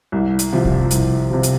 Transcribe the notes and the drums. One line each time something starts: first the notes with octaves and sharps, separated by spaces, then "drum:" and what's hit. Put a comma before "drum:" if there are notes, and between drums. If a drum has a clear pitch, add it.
C2
drum: hi-hat
C3 F3
drum: kick A#1
C2, drum: hi-hat
C3 F3
drum: hi-hat